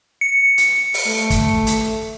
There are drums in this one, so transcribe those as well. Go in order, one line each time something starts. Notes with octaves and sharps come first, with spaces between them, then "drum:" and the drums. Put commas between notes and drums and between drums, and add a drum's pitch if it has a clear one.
C#7
drum: hi-hat
drum: open hi-hat
A3
drum: kick, hi-hat
drum: hi-hat